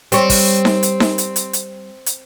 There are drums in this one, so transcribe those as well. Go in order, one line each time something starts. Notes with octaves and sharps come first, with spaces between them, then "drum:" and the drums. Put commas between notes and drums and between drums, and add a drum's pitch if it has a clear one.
G3 C4 C#5, drum: hi-hat
drum: kick, open hi-hat
drum: snare D#4
drum: hi-hat
drum: snare D#4
drum: hi-hat
drum: hi-hat
drum: hi-hat
drum: hi-hat